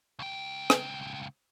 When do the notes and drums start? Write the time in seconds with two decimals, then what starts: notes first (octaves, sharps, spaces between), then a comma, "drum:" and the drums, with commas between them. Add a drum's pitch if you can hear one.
0.19 C#2 G5
0.70 drum: rim click